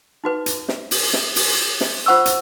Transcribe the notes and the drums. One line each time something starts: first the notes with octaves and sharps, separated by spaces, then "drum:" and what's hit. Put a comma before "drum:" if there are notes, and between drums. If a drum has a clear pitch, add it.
D#4 F#4 B4
drum: hi-hat
drum: snare
drum: open hi-hat
drum: snare
drum: open hi-hat
drum: snare
F4 C5 F#5 C#6 E6
drum: hi-hat